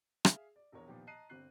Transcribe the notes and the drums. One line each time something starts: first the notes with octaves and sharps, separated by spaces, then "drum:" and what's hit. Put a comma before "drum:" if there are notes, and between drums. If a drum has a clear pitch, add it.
G#4 E5 F5, drum: rim click
D5
A#1 E2 A#4 C#5
A#2 D#3 F3 B3 G4
D#5 A5 A#5 F#6 C7 D#7
G1 C4 F#6 C7